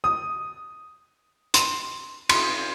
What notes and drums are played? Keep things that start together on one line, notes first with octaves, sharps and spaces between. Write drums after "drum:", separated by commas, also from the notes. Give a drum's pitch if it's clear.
D#6
C6, drum: hi-hat
C6, drum: cymbal